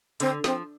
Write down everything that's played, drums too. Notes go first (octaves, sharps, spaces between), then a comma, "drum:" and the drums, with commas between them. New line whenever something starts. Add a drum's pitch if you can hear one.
D3 C4, drum: hi-hat
F3 C4, drum: snare